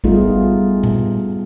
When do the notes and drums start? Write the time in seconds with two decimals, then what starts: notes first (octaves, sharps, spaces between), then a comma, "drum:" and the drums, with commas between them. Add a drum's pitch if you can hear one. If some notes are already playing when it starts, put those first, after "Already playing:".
0.04 G3 A3 B3 D#4 F4 G#4, drum: kick A1
0.83 drum: tom A#2